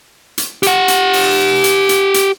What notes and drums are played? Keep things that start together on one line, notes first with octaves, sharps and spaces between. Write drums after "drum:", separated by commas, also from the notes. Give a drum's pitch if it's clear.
drum: hi-hat
G4 F#5, drum: hi-hat
drum: hi-hat
drum: open hi-hat
drum: hi-hat
drum: hi-hat
drum: hi-hat